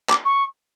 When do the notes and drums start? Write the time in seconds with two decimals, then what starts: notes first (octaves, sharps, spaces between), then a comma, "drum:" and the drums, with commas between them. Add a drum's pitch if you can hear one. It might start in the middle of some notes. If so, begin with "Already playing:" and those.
0.10 D6, drum: clap
0.25 C#6